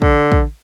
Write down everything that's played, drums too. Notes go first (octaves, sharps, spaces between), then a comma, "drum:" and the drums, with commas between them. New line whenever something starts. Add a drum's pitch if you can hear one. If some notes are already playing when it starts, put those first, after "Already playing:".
D3, drum: kick
drum: kick